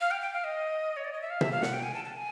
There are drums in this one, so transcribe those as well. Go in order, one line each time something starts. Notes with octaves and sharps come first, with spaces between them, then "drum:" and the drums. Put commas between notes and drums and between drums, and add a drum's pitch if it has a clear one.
F5
G5
G5
F5
D#5
C#5
D5
D#5
E5
F5
E5, drum: tom
F5
F#5, drum: snare
G5
G#5
A5
A5
G#5